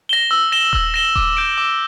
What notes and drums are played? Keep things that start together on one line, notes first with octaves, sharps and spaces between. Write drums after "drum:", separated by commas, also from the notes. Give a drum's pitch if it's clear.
A#6 E7 G7
E6
A#6 E7 G7
E6, drum: kick D#1
A#6 E7 G7
D6, drum: kick D#1
G6 D7
D6